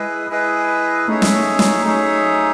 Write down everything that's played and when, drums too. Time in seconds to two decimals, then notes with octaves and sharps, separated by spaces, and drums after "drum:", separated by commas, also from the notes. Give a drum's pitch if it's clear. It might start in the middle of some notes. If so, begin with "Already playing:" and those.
Already playing: G#3 E4 G#4 B4 D#5
0.30 E4 G#4 B4 D#5
1.07 A3 C#4 D#4 G#4 C#5 E5
1.22 drum: snare
1.33 A3 C#4
1.59 F#3 A3, drum: snare
1.85 A3 C#4 D#4 G#4 C#5 E5